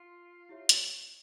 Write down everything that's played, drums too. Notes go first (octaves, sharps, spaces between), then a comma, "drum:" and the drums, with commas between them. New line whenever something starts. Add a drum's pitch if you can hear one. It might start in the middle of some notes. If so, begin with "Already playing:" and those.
Already playing: F4
E4 G4 C#5 E5
drum: hi-hat